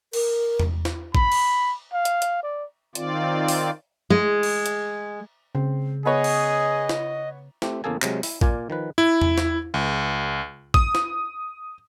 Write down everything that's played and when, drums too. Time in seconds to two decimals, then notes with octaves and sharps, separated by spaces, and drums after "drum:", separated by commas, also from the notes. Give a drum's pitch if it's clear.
0.13 A#4, drum: cymbal
0.60 drum: tom E2
0.85 drum: snare
1.15 B5, drum: kick
1.32 drum: cymbal
1.93 F5
2.05 drum: hi-hat
2.22 drum: hi-hat
2.43 D5
2.95 D#3 C4 F4 D5, drum: hi-hat
3.48 drum: open hi-hat
4.10 G#3
4.43 drum: cymbal
4.66 drum: hi-hat
5.55 C#3 C4
6.06 B3 G#4 B4 C#5 D#5
6.24 drum: cymbal
6.89 drum: snare
7.62 A3 C4 G4, drum: snare
7.84 E2 C#3 A#3 G#4 A4 G#5
8.02 C3 F#3 G#3, drum: clap
8.23 E4, drum: open hi-hat
8.41 A#2 A#3 F4 D5 G#5, drum: kick
8.70 D#3 F3 B4
8.98 E4
9.22 drum: tom E2
9.38 drum: snare
9.74 C#2
10.74 D#6, drum: kick
10.95 drum: snare